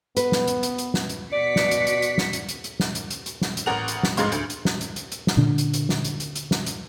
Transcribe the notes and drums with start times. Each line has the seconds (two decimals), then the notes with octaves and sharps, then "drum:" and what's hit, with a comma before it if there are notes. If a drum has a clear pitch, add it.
0.17 B3 B4, drum: hi-hat
0.32 drum: snare
0.47 drum: hi-hat
0.63 drum: hi-hat
0.78 drum: hi-hat
0.94 drum: snare
1.09 drum: hi-hat
1.33 B2 F#4 D5 B6 C#7
1.56 drum: snare
1.71 drum: hi-hat
1.87 drum: hi-hat
2.02 drum: hi-hat
2.18 drum: snare
2.33 drum: hi-hat
2.49 drum: hi-hat
2.64 drum: hi-hat
2.80 drum: snare
2.95 drum: hi-hat
3.11 drum: hi-hat
3.26 drum: hi-hat
3.41 drum: snare
3.57 drum: hi-hat
3.66 A1 A#4 F#5 F7
3.88 drum: hi-hat
4.03 drum: snare
4.17 A1 G#2 G#3 F5 C6, drum: hi-hat
4.32 D2, drum: hi-hat
4.50 drum: hi-hat
4.65 drum: snare
4.81 drum: hi-hat
4.96 drum: hi-hat
5.12 drum: hi-hat
5.27 drum: snare
5.37 A#2 D3 D4
5.58 drum: hi-hat
5.74 drum: hi-hat
5.89 drum: snare
6.05 drum: hi-hat
6.20 drum: hi-hat
6.35 drum: hi-hat
6.51 drum: snare
6.66 drum: hi-hat